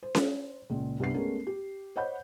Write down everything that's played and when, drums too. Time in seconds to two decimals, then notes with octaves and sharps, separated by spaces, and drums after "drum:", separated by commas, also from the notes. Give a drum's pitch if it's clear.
0.03 C5
0.15 drum: snare C#4
0.70 C#2 A#2
1.00 C2 G2 B3 C7
1.14 G#3 A3 B3 C#4 A#4
1.47 G4
1.96 C5 C#5 D#5 F#5 B5 G6